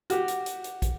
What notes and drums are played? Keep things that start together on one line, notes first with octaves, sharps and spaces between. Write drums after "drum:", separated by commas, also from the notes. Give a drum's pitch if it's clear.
F#4 G4, drum: hi-hat
drum: hi-hat
drum: hi-hat
drum: hi-hat
drum: kick, hi-hat